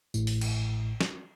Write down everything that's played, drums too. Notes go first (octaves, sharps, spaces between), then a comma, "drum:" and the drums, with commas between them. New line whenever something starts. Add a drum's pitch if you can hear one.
A1 A2, drum: tambourine
drum: open hi-hat
drum: cymbal
drum: snare